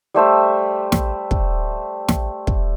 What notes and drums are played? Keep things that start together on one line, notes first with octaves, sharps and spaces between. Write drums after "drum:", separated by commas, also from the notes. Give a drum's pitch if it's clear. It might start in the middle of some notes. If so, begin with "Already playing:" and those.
G3 A3 C5 E5
drum: snare
drum: kick
drum: snare
drum: kick